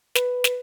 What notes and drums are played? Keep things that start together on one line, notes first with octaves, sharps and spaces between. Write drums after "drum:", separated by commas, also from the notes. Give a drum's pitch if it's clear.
B4, drum: snare
drum: snare